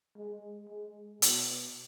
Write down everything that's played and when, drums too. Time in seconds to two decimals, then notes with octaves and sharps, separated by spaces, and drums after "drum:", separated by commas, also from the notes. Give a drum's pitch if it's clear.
0.17 G#3
0.69 G#3
1.22 B2, drum: hi-hat